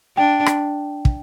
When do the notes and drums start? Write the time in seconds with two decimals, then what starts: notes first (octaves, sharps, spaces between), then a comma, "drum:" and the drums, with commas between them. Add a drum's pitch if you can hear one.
0.17 D4 G5
0.46 drum: rim click
1.05 drum: kick